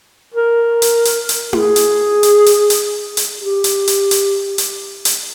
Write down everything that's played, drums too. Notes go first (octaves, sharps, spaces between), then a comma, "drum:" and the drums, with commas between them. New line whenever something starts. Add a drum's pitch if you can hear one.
A#4
drum: hi-hat
drum: hi-hat
drum: hi-hat
G#4, drum: tom E4
drum: hi-hat
drum: hi-hat
drum: hi-hat
drum: hi-hat
drum: hi-hat
G4
drum: hi-hat
drum: hi-hat
drum: hi-hat
drum: hi-hat
drum: hi-hat